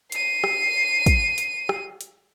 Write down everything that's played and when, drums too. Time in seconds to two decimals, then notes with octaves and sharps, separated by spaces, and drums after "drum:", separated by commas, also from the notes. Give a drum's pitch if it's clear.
0.12 C7 D#7, drum: hi-hat
0.44 drum: rim click
1.06 drum: kick, hi-hat
1.38 drum: hi-hat
1.69 drum: rim click
2.01 drum: hi-hat